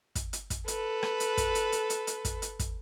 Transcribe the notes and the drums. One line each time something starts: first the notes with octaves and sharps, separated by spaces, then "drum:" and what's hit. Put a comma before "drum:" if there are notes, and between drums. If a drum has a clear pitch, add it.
drum: kick, hi-hat
drum: hi-hat
drum: kick, hi-hat
A4 B4, drum: hi-hat
drum: rim click
drum: hi-hat
drum: kick, hi-hat
drum: hi-hat
drum: hi-hat
drum: hi-hat
drum: hi-hat
drum: kick, hi-hat
drum: hi-hat
drum: kick, hi-hat